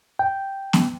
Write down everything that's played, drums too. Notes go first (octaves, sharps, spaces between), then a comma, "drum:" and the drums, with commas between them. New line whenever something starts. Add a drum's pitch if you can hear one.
G5
drum: snare B3